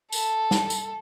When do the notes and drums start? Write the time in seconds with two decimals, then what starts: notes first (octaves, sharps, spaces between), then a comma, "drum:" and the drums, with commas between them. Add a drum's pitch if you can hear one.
0.12 A4, drum: tambourine
0.51 drum: snare
0.70 drum: tambourine